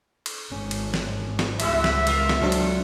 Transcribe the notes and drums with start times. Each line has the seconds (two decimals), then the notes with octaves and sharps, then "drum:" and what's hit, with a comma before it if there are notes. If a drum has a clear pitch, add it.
0.26 drum: cymbal
0.52 G#1 C#4
0.71 drum: cymbal
0.94 drum: snare
1.39 drum: snare
1.60 C#2 G3 E4 F#4 E5, drum: cymbal
1.84 drum: snare
2.07 B3 F4 A#4, drum: cymbal
2.29 drum: snare
2.42 F#3 B3 C4 D4 F4 A4
2.52 drum: cymbal